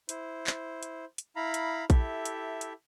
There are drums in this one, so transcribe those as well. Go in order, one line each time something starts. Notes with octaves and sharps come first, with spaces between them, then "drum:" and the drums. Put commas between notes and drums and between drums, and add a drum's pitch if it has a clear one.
E4 C5, drum: hi-hat
drum: clap
drum: hi-hat
drum: hi-hat
E4 F5 A#5 B5
drum: hi-hat
E4 G4 A4 E5, drum: kick A#1, hi-hat
drum: hi-hat
drum: hi-hat